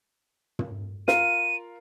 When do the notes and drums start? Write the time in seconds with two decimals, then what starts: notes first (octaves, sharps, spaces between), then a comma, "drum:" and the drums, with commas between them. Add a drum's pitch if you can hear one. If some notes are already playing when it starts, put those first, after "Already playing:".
0.59 drum: tom
1.08 F4 A#4 F5 D#7, drum: snare